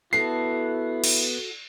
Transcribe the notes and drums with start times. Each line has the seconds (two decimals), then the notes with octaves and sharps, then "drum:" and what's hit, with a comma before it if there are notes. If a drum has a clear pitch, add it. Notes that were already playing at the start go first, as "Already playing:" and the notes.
0.13 B3 E4 F#4 A4 C7
1.04 drum: cymbal